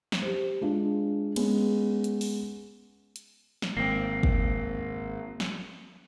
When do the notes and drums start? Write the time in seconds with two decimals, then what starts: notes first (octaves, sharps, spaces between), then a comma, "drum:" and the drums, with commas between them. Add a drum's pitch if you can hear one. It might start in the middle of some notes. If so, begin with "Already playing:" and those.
0.12 drum: snare
0.22 G4 C5
0.61 G#3 D4 F4
1.36 G#3 B3 C#4, drum: cymbal
2.04 drum: hi-hat
2.21 drum: open hi-hat
3.16 drum: hi-hat
3.62 drum: snare
3.77 G#1 A#3 C4
4.23 drum: kick
5.40 drum: snare